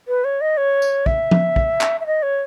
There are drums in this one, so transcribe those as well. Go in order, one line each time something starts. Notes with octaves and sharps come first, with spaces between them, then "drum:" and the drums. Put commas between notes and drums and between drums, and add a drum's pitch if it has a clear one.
B4
C#5
D#5
C#5
drum: tambourine
E5, drum: kick
drum: tom
drum: kick
drum: clap
E5
D#5
C#5